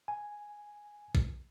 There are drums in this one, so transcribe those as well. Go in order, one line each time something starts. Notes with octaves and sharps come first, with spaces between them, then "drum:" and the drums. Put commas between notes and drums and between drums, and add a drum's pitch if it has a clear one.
G#5
drum: kick